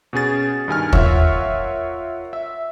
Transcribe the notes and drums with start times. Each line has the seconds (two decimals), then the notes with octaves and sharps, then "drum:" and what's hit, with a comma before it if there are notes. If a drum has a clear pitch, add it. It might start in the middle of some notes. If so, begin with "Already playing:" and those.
0.13 B2 C#4 G#4 A6
0.68 G2 D#3 G#5 F6
0.93 F4 A#4 C#5 E5 F#5 C#6, drum: kick
2.33 E5